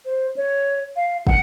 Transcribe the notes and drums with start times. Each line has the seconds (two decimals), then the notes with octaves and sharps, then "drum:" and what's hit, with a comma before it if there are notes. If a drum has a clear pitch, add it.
0.06 C5
0.36 C#5
0.96 F5
1.27 F#5, drum: kick